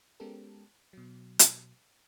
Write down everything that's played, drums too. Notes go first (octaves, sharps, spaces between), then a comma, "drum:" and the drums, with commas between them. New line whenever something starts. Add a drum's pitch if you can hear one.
G#3 B3 C#4 G4 A4 A#4
B2 F#3
drum: hi-hat